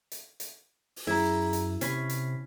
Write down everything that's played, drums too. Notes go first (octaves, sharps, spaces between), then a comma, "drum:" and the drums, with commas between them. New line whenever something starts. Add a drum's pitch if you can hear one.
drum: hi-hat
drum: hi-hat
drum: open hi-hat
F#2 E4 G#4 A#5
drum: hi-hat
C3 C#4 B5 B6 C7, drum: hi-hat
drum: hi-hat